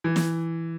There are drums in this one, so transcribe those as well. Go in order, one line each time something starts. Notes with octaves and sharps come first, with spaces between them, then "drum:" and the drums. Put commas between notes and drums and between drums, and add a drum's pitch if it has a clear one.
E3
drum: snare